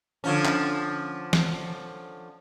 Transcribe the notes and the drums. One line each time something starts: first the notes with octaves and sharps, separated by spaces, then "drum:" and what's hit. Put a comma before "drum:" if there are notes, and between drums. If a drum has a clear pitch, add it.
D3 F3 C#4
drum: clap
drum: snare